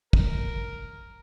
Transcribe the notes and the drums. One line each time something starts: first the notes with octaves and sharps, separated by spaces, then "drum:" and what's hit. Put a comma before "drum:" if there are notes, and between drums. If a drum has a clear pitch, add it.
A#4, drum: kick